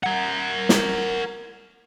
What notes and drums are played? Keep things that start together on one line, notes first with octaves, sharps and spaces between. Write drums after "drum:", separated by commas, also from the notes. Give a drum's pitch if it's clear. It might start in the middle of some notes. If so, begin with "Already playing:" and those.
A#4 F#5
drum: snare